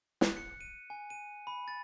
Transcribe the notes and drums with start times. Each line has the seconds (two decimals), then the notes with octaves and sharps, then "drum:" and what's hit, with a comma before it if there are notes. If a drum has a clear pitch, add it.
0.21 F#6, drum: snare
0.37 C#7
0.61 D#7
0.90 G#5
1.10 D#7
1.47 B5
1.68 A6